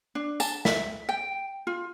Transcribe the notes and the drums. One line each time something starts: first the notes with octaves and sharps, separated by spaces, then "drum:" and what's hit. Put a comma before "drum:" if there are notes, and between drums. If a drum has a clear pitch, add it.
D4
A5, drum: tambourine
E5, drum: snare
G5
F4